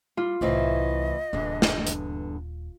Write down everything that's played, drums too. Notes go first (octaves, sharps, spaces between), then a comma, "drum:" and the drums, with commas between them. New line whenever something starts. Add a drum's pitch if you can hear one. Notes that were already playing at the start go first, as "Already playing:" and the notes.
G3 F4
C2 A2 E3 C4 D#5
D#1 E2 G2 D3
drum: snare
drum: hi-hat